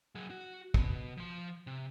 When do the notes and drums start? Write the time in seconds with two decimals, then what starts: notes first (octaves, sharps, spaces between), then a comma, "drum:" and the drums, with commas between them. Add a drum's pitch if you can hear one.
0.15 F#3 G#4
0.30 F#4
0.74 B2, drum: kick
1.17 F3 C6
1.67 C3